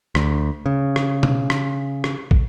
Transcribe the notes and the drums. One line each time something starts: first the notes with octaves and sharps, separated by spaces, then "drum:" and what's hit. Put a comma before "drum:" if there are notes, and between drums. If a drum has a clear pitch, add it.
D2, drum: rim click
C#3
drum: rim click
drum: tom B2
drum: rim click
drum: rim click
drum: kick